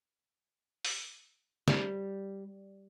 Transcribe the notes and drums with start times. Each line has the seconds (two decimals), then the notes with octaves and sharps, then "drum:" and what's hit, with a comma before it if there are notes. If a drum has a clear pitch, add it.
0.85 drum: open hi-hat
1.68 G3, drum: snare